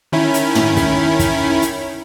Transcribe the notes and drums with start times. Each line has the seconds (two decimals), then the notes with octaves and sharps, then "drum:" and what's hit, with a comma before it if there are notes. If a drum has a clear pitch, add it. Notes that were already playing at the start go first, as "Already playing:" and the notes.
0.12 D#3 C#4 E4
0.34 drum: hi-hat
0.55 drum: tom
0.77 drum: snare
1.19 drum: kick, hi-hat
1.62 drum: hi-hat